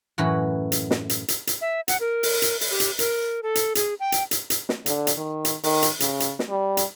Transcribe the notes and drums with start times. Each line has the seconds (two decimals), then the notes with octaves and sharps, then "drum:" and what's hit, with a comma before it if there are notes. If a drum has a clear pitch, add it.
0.18 F#2 A2 E3 F#4 B5
0.72 drum: hi-hat
0.91 drum: snare
1.10 drum: hi-hat
1.28 drum: hi-hat
1.47 drum: hi-hat
1.61 E5
1.88 F#5, drum: hi-hat
2.00 A#4
2.23 drum: open hi-hat
2.42 drum: hi-hat
2.61 drum: open hi-hat
2.70 G4
2.80 drum: hi-hat
2.99 A#4, drum: hi-hat
3.43 A4
3.55 drum: hi-hat
3.75 G#4, drum: hi-hat
4.00 G5
4.12 drum: hi-hat
4.31 drum: hi-hat
4.50 drum: hi-hat
4.69 drum: snare
4.86 D3, drum: hi-hat
5.07 drum: hi-hat
5.18 D#3
5.45 drum: hi-hat
5.63 D#3, drum: open hi-hat
5.82 drum: hi-hat
6.00 C#3, drum: hi-hat
6.20 drum: hi-hat
6.39 drum: snare
6.50 G3
6.77 drum: hi-hat